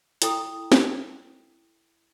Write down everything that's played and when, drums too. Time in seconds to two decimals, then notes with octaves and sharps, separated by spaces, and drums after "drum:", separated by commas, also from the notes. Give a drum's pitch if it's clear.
0.22 E4 A4 G5 A#5 D#6, drum: hi-hat
0.72 drum: snare